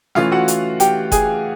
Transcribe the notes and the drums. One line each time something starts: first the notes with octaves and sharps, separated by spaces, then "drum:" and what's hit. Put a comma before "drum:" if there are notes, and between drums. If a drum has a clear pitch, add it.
E3 A3 C#4 F4 F5, drum: snare
F#4 F#5
drum: hi-hat
G4 G5, drum: hi-hat
G#4 G#5, drum: kick F#1, hi-hat